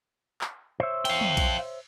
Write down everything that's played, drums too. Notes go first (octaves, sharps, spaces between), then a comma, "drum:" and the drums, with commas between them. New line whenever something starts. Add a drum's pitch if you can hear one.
drum: clap
C5 C#5 E5
F5 G5, drum: cymbal
drum: tom
drum: kick B1, cymbal